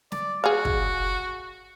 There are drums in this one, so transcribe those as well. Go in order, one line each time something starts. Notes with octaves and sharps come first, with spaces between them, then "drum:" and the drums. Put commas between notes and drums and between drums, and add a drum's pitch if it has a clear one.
D5, drum: snare
F#4 G#4 F5
drum: kick